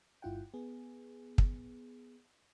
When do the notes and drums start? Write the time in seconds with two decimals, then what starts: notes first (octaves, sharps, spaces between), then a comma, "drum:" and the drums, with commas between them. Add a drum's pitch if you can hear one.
0.22 G1 G2 E4 F4 F#5 G5
0.54 B3 G#4
1.38 drum: kick